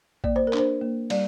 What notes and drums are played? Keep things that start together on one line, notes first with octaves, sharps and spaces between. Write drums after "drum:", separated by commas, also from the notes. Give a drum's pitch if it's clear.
A#3 D5, drum: kick A1
C5
A#4
D4, drum: clap
C5
A#3
G3 D5, drum: cymbal